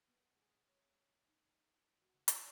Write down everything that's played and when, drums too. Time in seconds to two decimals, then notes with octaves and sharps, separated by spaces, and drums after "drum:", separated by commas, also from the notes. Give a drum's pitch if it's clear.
0.08 B3
0.37 G#4
0.68 C#5
1.28 D#4
2.02 F#4
2.14 C#3
2.28 drum: hi-hat